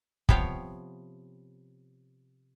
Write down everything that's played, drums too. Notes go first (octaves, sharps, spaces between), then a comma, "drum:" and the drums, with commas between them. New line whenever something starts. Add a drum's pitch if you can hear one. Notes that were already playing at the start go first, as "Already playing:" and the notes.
C3 F3 B3 C#5 F5 G5, drum: kick